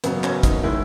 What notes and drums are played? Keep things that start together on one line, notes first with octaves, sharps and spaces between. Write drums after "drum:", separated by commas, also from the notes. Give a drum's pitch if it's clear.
F#1 F#2 C#3 F#3 B3, drum: hi-hat
C#4, drum: clap
D#4, drum: kick, hi-hat
D#3 G#3 E4